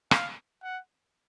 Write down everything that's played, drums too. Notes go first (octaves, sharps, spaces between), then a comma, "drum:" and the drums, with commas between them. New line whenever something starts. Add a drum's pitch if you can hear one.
F5, drum: rim click
F#5